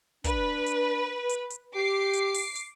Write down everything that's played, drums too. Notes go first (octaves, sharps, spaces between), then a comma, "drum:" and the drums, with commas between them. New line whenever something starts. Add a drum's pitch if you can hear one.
D4 B4, drum: kick, hi-hat
drum: hi-hat
drum: hi-hat
drum: hi-hat
G4 D6 C7
drum: hi-hat
drum: open hi-hat
drum: hi-hat